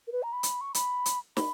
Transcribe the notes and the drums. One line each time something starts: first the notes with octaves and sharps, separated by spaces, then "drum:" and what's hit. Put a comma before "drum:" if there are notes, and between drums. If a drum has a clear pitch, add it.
A#4
B4
A#5
B5
drum: hi-hat
C#6
B5, drum: hi-hat
drum: hi-hat
B5, drum: snare